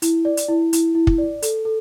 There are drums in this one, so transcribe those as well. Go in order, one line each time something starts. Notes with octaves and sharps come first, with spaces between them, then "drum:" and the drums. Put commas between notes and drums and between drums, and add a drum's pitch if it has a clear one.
E4, drum: hi-hat
D5
drum: hi-hat
E4
E4, drum: hi-hat
E4
drum: kick
D5
A4, drum: hi-hat
A4